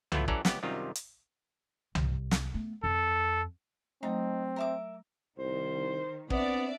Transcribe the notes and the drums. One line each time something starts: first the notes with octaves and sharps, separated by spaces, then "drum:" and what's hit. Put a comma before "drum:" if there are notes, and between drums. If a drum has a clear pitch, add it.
E3 F#3 A3 B3 E4 F4, drum: tom C2
E3 F#3 C#4 A4 D5 A#5, drum: kick
C#2 B3 G4, drum: snare
F#2 C3 D#3 G3 F4
drum: hi-hat
C2, drum: tom C2
drum: snare
A3 B3
F2 A4
F#3 A3 C4 D#4
A#4 E5 D6
C2 D#3 C5
B3 C4 D4 D5 E5, drum: kick